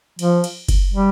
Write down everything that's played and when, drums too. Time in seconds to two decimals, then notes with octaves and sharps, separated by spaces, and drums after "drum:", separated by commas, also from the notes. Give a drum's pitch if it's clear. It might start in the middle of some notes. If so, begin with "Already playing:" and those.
0.19 F3, drum: cymbal
0.44 drum: cymbal
0.69 drum: kick F#1, cymbal
0.93 G3